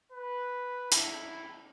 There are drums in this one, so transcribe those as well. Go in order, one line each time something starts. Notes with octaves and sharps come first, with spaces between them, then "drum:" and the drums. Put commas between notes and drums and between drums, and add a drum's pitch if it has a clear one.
B4
E4, drum: hi-hat